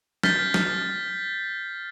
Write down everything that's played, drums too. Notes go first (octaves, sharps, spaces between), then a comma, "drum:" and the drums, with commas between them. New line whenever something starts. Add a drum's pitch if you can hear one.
F6 G6 A6 B6 C7, drum: snare
drum: snare